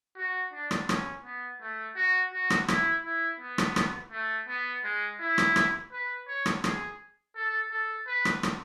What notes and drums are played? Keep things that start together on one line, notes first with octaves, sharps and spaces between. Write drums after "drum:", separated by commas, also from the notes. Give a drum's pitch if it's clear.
F#4
D4
drum: rim click
C#4, drum: rim click
B3
A3
F#4
F#4
drum: rim click
E4, drum: rim click
E4
B3
drum: rim click
drum: rim click
A3
B3
G#3
E4
drum: rim click
drum: rim click
B4
C#5
drum: rim click
G#4, drum: rim click
A4
A4
B4
drum: rim click
drum: rim click